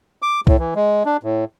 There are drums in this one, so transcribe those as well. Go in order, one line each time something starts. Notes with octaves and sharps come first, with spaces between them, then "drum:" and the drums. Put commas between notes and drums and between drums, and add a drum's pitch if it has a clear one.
D6
A2, drum: kick C2
E3
G#3
D4
A2